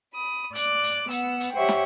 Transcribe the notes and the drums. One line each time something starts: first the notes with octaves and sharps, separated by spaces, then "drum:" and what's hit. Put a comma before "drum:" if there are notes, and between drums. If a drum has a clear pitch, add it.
B5 D#6
D5 D6 F#6, drum: hi-hat
drum: hi-hat
B3 F#5 E6, drum: hi-hat
drum: hi-hat
G4 C5 C#5 E5 F#5 G5
drum: snare